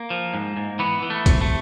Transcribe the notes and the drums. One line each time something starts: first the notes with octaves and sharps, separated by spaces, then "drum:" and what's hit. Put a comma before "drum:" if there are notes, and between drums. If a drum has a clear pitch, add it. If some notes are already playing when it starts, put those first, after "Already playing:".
Already playing: A#3
F3
G#2
G#2
E3 B3
E3
A3
C3, drum: kick, hi-hat
A3